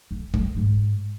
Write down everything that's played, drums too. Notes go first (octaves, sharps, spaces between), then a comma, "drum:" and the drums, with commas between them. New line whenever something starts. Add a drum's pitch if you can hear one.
F2
F#2, drum: kick
G#2